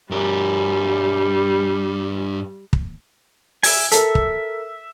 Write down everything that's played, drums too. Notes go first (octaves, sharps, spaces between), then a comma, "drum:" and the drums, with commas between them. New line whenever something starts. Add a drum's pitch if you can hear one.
G2 G3 A#4
drum: kick
E5 G#5, drum: open hi-hat
A4 A#4 E5, drum: hi-hat
drum: kick